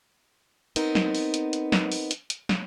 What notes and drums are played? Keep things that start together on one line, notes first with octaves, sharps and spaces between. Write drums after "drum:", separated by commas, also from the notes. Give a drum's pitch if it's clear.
B3 C4 D#4 A#4, drum: hi-hat
drum: snare
drum: open hi-hat
drum: hi-hat
drum: hi-hat
drum: snare
drum: open hi-hat
drum: hi-hat
drum: hi-hat
drum: snare